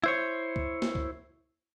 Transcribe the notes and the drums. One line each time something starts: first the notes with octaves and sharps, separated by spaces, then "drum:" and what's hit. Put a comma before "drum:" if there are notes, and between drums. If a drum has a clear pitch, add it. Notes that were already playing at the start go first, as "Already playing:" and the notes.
E4 C5 C#5
drum: kick C#2
drum: snare
drum: kick C#2